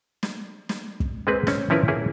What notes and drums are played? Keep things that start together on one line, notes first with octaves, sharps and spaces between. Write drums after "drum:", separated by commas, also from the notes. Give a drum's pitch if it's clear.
drum: snare
drum: snare
drum: kick
G#3 A#3 C4 G#4 B4
C4 C#4, drum: snare
F3 C#4 E4 A#4 B4
A#3 C#4 E4 G#4